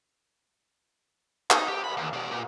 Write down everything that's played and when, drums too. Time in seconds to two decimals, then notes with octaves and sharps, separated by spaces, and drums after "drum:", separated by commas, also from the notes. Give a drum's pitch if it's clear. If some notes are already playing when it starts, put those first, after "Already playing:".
1.51 D#4, drum: clap
1.68 G4
1.84 D#2 B5
1.97 D#2
2.13 B2 D5
2.31 A#2